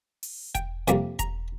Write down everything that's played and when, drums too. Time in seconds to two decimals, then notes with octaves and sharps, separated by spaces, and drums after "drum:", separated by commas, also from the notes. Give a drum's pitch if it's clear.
0.23 drum: open hi-hat
0.55 G5, drum: kick E1, hi-hat
0.88 F2 C3 G3 A#3, drum: hi-hat
1.19 A#5, drum: kick E1, hi-hat